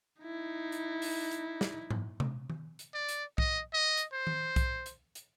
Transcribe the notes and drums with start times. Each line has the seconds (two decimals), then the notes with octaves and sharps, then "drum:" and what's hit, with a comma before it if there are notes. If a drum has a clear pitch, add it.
0.22 D#4 E4
0.72 drum: hi-hat
1.02 drum: open hi-hat
1.31 drum: hi-hat
1.61 drum: snare
1.90 drum: tom G#2
2.20 drum: tom C3
2.50 drum: tom D#3
2.79 drum: hi-hat
2.94 D5
3.09 drum: hi-hat
3.38 D#5, drum: kick B1
3.74 D#5
3.97 drum: hi-hat
4.13 C5
4.27 drum: tom D#3
4.56 drum: kick B1, hi-hat
4.86 drum: hi-hat
5.15 drum: hi-hat